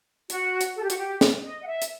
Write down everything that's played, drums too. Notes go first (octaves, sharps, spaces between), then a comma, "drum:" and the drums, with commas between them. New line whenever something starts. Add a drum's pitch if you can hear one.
F#4, drum: hi-hat
drum: hi-hat
A4
G4
F#4, drum: hi-hat
G4
drum: snare
D#5
F#5
E5
drum: hi-hat